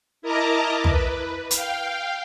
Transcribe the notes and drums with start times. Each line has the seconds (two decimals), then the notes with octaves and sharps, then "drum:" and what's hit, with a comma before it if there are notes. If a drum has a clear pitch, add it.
0.22 E4 A#4 D#5 A5 A#5 D6
0.84 B4, drum: tom
1.51 F5 G5, drum: hi-hat